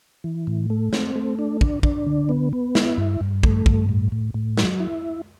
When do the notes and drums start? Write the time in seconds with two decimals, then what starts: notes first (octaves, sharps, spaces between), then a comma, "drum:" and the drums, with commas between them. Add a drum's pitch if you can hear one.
0.24 E3
0.47 A2
0.70 A3
0.93 C4, drum: snare
1.16 A3
1.39 D4
1.61 D4, drum: kick
1.83 D4, drum: kick
2.07 D3
2.29 B3
2.53 B3
2.75 E4, drum: snare
2.98 G2
3.21 G2
3.43 A3, drum: kick
3.66 G2, drum: kick
3.89 A2
4.12 A2
4.34 A2
4.57 F#3, drum: snare
4.80 E4